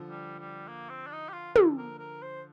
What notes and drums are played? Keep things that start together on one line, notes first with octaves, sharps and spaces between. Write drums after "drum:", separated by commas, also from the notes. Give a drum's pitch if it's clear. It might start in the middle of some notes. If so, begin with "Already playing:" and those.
Already playing: D3 F3
G3
G3
A#3
C4
D4
D#4
G4
F4
D3 F3, drum: tom
A#4
A#4
C5